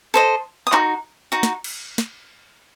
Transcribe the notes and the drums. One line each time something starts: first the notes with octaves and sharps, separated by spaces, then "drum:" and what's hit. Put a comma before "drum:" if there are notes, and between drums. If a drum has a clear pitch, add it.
A4 C5 D#5
D#6
D#4 F#4, drum: clap
D#4 F#4
drum: snare
drum: cymbal
drum: snare